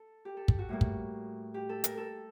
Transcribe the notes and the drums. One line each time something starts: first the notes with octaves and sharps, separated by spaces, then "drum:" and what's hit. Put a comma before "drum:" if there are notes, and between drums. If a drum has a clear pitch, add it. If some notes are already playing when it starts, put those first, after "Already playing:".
Already playing: A4
G4
A4
drum: kick
F#4
A2 G3 A#3
drum: kick
G4
A4
A#4, drum: hi-hat
A4